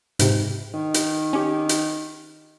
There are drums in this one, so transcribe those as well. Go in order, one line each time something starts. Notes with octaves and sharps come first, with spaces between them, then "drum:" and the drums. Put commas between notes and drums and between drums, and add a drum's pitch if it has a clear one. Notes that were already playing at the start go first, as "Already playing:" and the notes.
G#2 C3, drum: hi-hat
D#3
drum: hi-hat
C#4 G4
drum: hi-hat